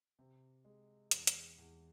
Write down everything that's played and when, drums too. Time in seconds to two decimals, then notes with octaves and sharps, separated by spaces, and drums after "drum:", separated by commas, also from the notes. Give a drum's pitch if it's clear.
0.19 C3
0.65 G#3
1.11 E2, drum: hi-hat
1.27 drum: hi-hat
1.58 E2